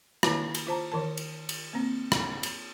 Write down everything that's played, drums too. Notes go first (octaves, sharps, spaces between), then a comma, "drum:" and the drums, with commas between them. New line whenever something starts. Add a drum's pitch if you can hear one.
D#3 A#3 E4 B4 A5, drum: rim click
drum: cymbal
F4 C5 A5 A#5
D#3 E3 A#4 A5
drum: cymbal
drum: cymbal
A#3 C4
drum: rim click
drum: cymbal